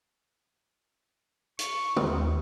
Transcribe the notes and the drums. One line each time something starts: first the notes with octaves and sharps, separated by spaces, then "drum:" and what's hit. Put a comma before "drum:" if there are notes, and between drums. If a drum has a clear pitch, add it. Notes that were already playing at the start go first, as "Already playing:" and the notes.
C#6, drum: hi-hat
D#2, drum: tom